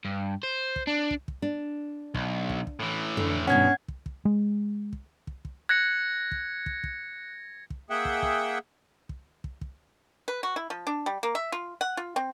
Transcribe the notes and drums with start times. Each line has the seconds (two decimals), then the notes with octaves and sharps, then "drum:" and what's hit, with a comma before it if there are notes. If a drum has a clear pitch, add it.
0.05 G2
0.43 C5
0.76 drum: kick
0.87 D4
1.11 drum: kick
1.28 drum: kick
1.42 D4
2.14 B1, drum: kick
2.50 drum: kick
2.67 drum: kick
2.80 A2 E3
3.17 D3, drum: tom
3.47 G2 B2 D#3 C#4 F#5 G#6
3.88 drum: kick
4.06 drum: kick
4.25 G#3
4.93 drum: kick
5.27 drum: kick
5.45 drum: kick
5.69 F#6 G#6 A#6 C#7
6.31 drum: kick
6.66 drum: kick
6.84 drum: kick
7.70 drum: kick
7.90 A#3 G#4 E5 F#5 G5
8.05 drum: kick
8.22 drum: kick
9.09 drum: kick
9.44 drum: kick
9.61 drum: kick
10.28 B4
10.43 F#4
10.56 E4
10.70 F3
10.87 D4
11.06 G3
11.23 A#3
11.35 E5
11.52 F4
11.81 F#5
11.97 F4
12.16 C4